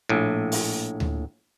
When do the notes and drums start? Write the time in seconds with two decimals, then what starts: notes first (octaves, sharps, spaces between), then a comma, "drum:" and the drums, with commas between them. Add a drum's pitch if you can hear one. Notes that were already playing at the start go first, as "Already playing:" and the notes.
0.09 A#1 A2
0.52 drum: open hi-hat
1.00 drum: tom D2